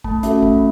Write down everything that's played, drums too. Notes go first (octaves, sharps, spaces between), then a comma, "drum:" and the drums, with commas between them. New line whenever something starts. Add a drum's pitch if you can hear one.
A3 A5, drum: kick
C#4 F#4 A4 E5, drum: hi-hat
A3, drum: kick